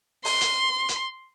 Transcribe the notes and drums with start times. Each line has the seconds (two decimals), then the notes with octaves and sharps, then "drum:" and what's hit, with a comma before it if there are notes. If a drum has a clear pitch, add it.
0.25 C6, drum: open hi-hat
0.41 drum: hi-hat
0.89 drum: hi-hat